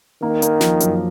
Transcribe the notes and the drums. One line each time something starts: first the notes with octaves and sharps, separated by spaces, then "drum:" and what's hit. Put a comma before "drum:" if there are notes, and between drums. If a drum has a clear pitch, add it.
D#3 A#3
A#3, drum: hi-hat
F3, drum: snare
F#2, drum: hi-hat